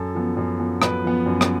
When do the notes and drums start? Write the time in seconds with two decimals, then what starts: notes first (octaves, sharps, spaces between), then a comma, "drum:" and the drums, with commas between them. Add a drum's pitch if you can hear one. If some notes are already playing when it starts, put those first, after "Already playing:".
Already playing: F#2 A4
0.15 F3 B3
0.37 F#2
0.60 F3 B3
0.82 F#2 B4, drum: rim click
1.04 F3 B3
1.26 F#2
1.41 drum: rim click